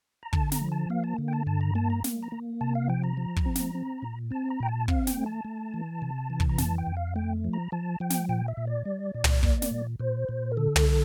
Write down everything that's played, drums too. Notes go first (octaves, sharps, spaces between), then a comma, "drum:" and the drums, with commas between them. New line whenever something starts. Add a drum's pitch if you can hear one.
A#5
D3 A5, drum: kick
A#5, drum: snare
F3
A5
A#3 F5
A5
D3
G5
A5
G2 A5
A#5
A#3 A5
A#5
A#3, drum: snare
A#5
A#3
C3 A5
F5
F3 G5
A#5
F3
drum: kick
C4
drum: snare
C4
A#2
C4 A5
A#5
A#2 G5
A5
C4 F5, drum: kick
G5, drum: snare
A3
A5
A3
E3
C3
E3
drum: kick
A#5
F2 A5, drum: snare
G5
F2
F5
A3 G5
F3
A#5
F3 A5
F3 G5
drum: snare
A#2 G5
E5
A#2
D5
G3
A#2
drum: tom
A#3, drum: kick
drum: snare
A#2
A#2 C5
A#2
A#4
D3 A4
drum: tom